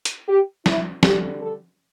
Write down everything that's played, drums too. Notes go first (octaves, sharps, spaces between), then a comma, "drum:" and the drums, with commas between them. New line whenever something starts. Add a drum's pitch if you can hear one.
drum: hi-hat
G4
E4, drum: snare
D3 G3 D4 G4, drum: snare
A4